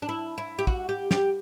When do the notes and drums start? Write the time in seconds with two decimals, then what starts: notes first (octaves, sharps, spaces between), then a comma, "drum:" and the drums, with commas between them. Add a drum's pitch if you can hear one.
0.02 D4
0.09 E4
0.38 E4
0.59 G4
0.67 F#4, drum: kick
0.89 G4
1.11 G4, drum: snare